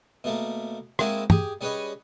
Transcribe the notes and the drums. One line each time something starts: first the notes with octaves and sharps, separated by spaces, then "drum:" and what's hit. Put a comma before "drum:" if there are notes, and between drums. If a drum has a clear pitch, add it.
B2 A3 A#3
G#3 A#3 C4 E4 F#4 G#4, drum: rim click
G4 G#4, drum: tom
G3 C#4 G#4 B4 C#5 D#5